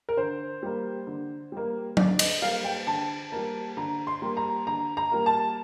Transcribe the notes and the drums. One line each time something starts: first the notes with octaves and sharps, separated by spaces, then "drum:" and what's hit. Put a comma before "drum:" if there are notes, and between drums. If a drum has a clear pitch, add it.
A#4
D3 C5
G3 A#3
D3
G3 A#3
D3 D5, drum: tom F#3
D#5, drum: cymbal
G3 A#3 F5
G5
D3 A5
G3 A#3
D3 A#5
C6
G3 A#3
A#5
D3 A#5
A#5
G3 A#3
A5